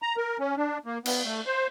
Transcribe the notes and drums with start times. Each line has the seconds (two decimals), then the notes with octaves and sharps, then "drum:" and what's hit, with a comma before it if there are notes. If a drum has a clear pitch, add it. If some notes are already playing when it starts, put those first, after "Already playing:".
0.02 A#5
0.17 A#4
0.40 C#4
0.57 D4
0.86 A#3
1.06 B3, drum: cymbal
1.25 A3
1.46 C5